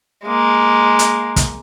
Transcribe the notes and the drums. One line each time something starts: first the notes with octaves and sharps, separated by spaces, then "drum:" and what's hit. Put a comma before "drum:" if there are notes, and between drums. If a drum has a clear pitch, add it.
G#3 A#3
drum: hi-hat
drum: kick, hi-hat